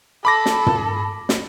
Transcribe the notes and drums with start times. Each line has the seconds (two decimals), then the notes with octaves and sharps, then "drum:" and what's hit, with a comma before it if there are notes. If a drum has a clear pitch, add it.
0.25 A4 B5 D6 A#6
0.46 drum: snare
0.66 drum: tom
1.29 drum: snare